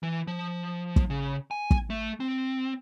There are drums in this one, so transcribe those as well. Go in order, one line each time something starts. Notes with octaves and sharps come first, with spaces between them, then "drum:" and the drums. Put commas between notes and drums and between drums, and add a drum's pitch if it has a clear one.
E3
F3
drum: kick
C#3
G#5
drum: kick
A3
C4